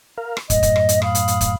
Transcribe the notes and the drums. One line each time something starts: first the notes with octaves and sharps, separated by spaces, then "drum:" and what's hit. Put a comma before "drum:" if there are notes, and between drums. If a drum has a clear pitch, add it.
A#4 F5
drum: rim click
F#2 A2 D#5, drum: kick, hi-hat
drum: kick, hi-hat
drum: rim click
drum: hi-hat
F5 B5 D#6, drum: rim click
drum: hi-hat
drum: hi-hat
drum: kick, hi-hat